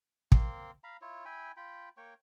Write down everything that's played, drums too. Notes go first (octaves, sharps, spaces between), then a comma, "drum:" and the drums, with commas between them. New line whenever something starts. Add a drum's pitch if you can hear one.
A#3 C4 C6, drum: kick
F5 A#5 B5
E4 F4 C#5
E4 G5 G#5 B5
F4 G5 B5
A#3 C#5 G5 C#6